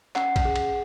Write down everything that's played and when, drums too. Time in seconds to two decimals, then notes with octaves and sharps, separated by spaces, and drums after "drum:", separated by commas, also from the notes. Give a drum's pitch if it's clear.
0.15 C#4 F#5, drum: clap
0.36 drum: kick, cymbal
0.45 G#4
0.56 drum: cymbal